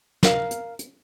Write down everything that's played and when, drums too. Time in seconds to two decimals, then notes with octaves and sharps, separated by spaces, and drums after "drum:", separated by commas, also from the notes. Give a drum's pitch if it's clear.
0.23 A#4 F5, drum: snare
0.51 drum: hi-hat
0.79 drum: hi-hat